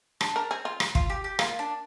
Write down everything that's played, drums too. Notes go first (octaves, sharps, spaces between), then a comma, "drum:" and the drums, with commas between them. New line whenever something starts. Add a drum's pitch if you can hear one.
D4, drum: rim click
A#4
C4 G#4
F4
drum: rim click
F4, drum: kick
G4
G4
A#3 F4, drum: rim click
D4